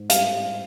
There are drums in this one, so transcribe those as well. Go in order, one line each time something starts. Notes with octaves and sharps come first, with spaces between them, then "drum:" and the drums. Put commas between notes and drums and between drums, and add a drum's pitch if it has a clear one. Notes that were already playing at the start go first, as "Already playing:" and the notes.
Already playing: G#2
G3 F5, drum: hi-hat